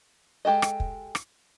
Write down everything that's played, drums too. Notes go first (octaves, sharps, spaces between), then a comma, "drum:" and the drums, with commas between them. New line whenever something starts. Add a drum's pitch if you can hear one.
G#3 G4 A4 D#5
drum: rim click
drum: kick
drum: rim click